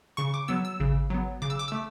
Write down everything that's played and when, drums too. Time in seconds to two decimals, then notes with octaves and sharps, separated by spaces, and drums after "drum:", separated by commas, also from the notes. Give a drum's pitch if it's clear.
0.17 C#3 C#6
0.34 D6
0.48 F#3 B3 E6
0.65 E6
0.80 C#3, drum: kick G#1
1.10 F#3 B3
1.42 C#3 D6
1.50 E6
1.59 D6
1.68 A3 E6